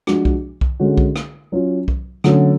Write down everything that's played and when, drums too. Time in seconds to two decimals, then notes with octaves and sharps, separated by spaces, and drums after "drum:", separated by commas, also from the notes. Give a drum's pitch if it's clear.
0.07 F3 G#3 D4 F#4, drum: rim click
0.25 drum: kick B1
0.61 drum: kick B1
0.80 D3 G#3 C#4 F#4
0.98 drum: kick B1
1.16 drum: rim click
1.52 F#3 C#4 F4
1.88 drum: kick B1
2.24 D3 F#3 A3 C#4, drum: rim click